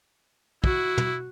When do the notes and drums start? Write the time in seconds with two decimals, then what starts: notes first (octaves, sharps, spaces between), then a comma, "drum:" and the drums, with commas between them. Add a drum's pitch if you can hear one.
0.64 E4 F#4, drum: kick
0.98 drum: tom